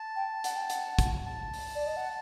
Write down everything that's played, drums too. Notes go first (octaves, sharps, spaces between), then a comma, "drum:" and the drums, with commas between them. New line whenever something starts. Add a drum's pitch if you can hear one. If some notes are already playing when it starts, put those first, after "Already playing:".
Already playing: A5
G5
F#5, drum: hi-hat
G5
F#5, drum: hi-hat
drum: kick, hi-hat
A5
drum: open hi-hat
D5
D#5
F#5